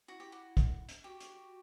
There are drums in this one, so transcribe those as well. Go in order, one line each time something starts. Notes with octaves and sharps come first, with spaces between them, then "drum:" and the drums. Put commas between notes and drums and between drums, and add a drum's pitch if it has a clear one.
E4 F#4
G4
F#4
drum: kick, hi-hat
drum: hi-hat
F#4 G4
drum: hi-hat